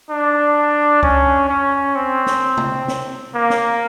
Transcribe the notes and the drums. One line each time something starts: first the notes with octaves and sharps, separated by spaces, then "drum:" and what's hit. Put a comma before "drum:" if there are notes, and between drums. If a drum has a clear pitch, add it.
D4
C#4, drum: kick C#2
C#4
C4
drum: snare
drum: tom
drum: snare
A#3
drum: snare